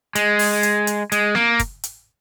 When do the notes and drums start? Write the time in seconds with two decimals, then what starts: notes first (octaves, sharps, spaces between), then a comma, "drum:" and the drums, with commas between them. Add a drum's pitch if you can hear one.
0.15 G#3, drum: hi-hat
0.39 drum: open hi-hat
0.63 drum: hi-hat
0.87 drum: hi-hat
1.12 G#3, drum: hi-hat
1.35 A#3, drum: snare
1.59 drum: kick, hi-hat
1.84 drum: hi-hat